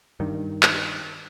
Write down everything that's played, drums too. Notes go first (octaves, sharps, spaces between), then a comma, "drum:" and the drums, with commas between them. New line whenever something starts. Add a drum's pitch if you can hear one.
G2 D#3
drum: clap